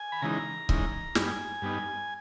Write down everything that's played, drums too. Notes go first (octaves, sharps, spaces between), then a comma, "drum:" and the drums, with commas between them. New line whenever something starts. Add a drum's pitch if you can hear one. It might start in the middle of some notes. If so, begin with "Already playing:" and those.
Already playing: G#5
B5
C#3 E3 G#3 D#4 A#5
C#3 E3 G#3 D#4, drum: kick C#1
G2 G3 B3 D#4 G#5, drum: snare
G2 G3 B3 D#4